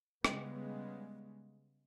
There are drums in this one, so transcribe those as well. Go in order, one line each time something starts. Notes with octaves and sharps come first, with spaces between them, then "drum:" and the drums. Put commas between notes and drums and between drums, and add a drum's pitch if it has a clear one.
C#3 G3 G#3 B3, drum: rim click